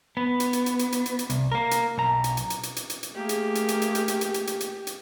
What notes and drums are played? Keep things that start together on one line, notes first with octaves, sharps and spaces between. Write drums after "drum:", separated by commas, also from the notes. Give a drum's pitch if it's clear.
B3
drum: hi-hat
drum: hi-hat
drum: hi-hat
drum: hi-hat
drum: hi-hat
drum: hi-hat
drum: hi-hat
C2, drum: hi-hat
A#3 A#4
drum: hi-hat
B1 A#5
drum: hi-hat
drum: hi-hat
drum: hi-hat
drum: hi-hat
drum: hi-hat
drum: hi-hat
drum: hi-hat
A3 A#3 G4 G#4
drum: hi-hat
drum: hi-hat
drum: hi-hat
drum: hi-hat
drum: hi-hat
drum: hi-hat
drum: hi-hat
drum: hi-hat
drum: hi-hat
drum: hi-hat
drum: hi-hat